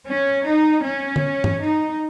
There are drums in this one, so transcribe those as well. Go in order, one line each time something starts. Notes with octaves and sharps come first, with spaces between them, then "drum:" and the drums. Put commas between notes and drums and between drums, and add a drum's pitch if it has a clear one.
C#4
D#4
C#4
drum: tom
drum: tom G2
D#4